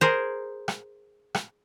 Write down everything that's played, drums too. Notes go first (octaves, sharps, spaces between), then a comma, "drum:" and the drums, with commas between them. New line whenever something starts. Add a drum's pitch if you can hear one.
G#4 A#4 C5
drum: rim click
drum: rim click